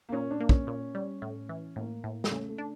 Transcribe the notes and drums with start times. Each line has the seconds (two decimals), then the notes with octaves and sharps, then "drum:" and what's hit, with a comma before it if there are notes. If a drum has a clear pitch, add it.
0.09 A#3
0.12 A#2 C#4
0.31 D4
0.40 A#3
0.49 C#4, drum: kick
0.67 A#2
0.95 G3
1.22 A2
1.49 E3
1.76 A2 A#3
2.04 A2
2.24 G3, drum: snare
2.31 C#3 A3
2.49 A3
2.58 D4